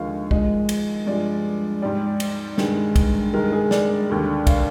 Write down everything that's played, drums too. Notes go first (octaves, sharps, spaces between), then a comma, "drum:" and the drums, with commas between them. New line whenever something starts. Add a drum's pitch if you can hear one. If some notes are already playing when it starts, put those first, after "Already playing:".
Already playing: D#2 D3 F3 G#3 D#5 F5
G#2 F3 G#3 D#5, drum: kick
drum: cymbal
G2 F3 G#3 D5
G#2 G3 D5
drum: cymbal
G2 D#3 G#3, drum: snare
drum: kick, cymbal
G2 D#3 G#3 A#4
G#4
D5, drum: snare
D#2 D3 G3
F5, drum: kick, cymbal